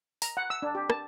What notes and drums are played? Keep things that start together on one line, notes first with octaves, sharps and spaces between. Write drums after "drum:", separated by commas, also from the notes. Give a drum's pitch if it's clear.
A#5, drum: open hi-hat
F#5
E6
D4
G4
A5, drum: rim click